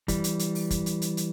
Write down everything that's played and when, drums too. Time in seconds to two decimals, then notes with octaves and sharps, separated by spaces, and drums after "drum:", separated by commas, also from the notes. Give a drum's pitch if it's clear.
0.08 E3 G3, drum: kick, hi-hat
0.24 drum: hi-hat
0.39 drum: hi-hat
0.55 drum: open hi-hat
0.71 drum: kick, hi-hat
0.86 drum: hi-hat
1.02 drum: hi-hat
1.17 drum: hi-hat